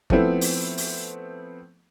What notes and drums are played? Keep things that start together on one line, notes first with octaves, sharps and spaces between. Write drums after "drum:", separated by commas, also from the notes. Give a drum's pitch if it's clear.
F3 A3 B3 C4 E4, drum: kick
drum: open hi-hat
drum: open hi-hat